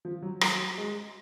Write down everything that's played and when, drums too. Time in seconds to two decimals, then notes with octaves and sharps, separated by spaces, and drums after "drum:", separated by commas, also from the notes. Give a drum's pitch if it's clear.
0.05 F3
0.22 F#3
0.41 F#3, drum: rim click
0.78 G#3